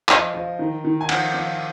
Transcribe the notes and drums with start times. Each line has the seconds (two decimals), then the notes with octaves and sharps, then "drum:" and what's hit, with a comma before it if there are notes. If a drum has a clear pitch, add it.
0.09 F3 D#5, drum: clap
0.34 F3
0.59 D#3
0.85 D#3
1.01 G#5
1.09 F3 F#5, drum: cymbal
1.34 F3